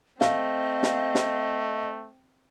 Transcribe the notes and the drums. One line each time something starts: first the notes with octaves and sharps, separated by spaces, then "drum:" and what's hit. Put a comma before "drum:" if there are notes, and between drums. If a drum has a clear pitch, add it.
A3 C4 D#5 F5, drum: snare
drum: snare
drum: snare